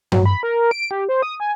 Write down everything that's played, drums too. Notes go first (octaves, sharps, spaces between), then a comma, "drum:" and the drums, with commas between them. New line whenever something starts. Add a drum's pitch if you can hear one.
F#3, drum: tom G2
B5
A#4
D7
G4
C5
D#6
G#5